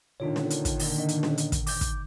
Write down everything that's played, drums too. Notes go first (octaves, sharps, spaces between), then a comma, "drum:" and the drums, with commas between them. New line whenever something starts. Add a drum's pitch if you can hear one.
A#2 D3 D#3 D4 F4 C#5
drum: snare C#4
drum: hi-hat
drum: kick, hi-hat
drum: open hi-hat
D4 D#5
drum: hi-hat
drum: snare C#4
drum: hi-hat
drum: kick, hi-hat
D6 G6, drum: open hi-hat
drum: kick, hi-hat